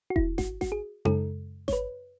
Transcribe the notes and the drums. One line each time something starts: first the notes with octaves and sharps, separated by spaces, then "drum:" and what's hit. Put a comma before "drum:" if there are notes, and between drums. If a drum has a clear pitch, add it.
F#4
E4, drum: kick E1
F#4, drum: snare G#1
F#4, drum: snare G#1
G#4
F#2 C#3 G#3 A4, drum: tom D#4
C#5, drum: snare G#1
B4